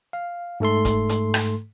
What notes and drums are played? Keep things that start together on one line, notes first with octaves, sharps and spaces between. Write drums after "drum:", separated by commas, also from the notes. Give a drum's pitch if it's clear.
F5
G#2 A3 A4 C6
drum: kick, hi-hat
drum: hi-hat
drum: rim click